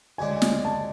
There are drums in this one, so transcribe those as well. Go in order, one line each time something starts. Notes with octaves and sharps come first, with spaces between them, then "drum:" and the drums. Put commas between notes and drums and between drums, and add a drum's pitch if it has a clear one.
D2 C#3 G#3 D4 G#5
drum: snare
A5